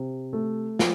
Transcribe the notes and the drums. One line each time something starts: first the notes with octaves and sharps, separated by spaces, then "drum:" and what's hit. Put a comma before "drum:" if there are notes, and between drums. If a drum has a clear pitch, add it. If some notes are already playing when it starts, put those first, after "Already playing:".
Already playing: C3
A3
F3, drum: snare